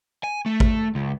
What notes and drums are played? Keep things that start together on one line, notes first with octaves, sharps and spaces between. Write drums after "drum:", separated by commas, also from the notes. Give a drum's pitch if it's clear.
G#5
A3
drum: kick G#1
C#2